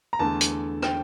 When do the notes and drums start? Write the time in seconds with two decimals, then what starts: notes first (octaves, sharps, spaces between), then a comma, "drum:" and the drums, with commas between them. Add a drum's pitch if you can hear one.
0.13 A#5
0.19 E2 D3 A3 A5
0.41 drum: hi-hat
0.82 G5, drum: rim click